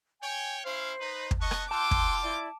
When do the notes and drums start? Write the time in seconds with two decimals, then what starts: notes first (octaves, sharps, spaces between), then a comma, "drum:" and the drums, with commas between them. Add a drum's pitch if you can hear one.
0.22 C#5 G5 G#5
0.65 C#4 E4 C5 F5
0.99 D#4 B4
1.31 drum: kick
1.41 B3 D#5 A5 C#6 F#6
1.51 drum: rim click
1.71 F4 G5 A5 C6 D6 E6 F#6
1.91 drum: kick
2.22 E4 D5